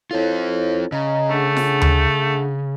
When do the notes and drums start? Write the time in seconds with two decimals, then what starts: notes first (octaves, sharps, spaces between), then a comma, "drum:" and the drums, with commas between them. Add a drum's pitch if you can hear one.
0.11 C4 E4 F4 A4 C#5
0.92 C#3 D#5 A#5
1.30 A3 D4 G#4 F#5
1.57 drum: snare F4
1.82 drum: tom D2